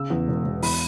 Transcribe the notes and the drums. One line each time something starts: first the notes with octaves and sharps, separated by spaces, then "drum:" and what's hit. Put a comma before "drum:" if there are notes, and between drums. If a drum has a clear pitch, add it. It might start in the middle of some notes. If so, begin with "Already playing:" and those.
Already playing: C#3 E6
E2
E1
E1
E2 B5, drum: open hi-hat